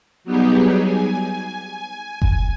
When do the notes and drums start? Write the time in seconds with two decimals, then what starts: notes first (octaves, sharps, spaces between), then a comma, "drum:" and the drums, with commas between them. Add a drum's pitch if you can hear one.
0.24 F#3 G3 B3 D#4 G4 G#4
0.84 G#5
2.22 drum: kick F#1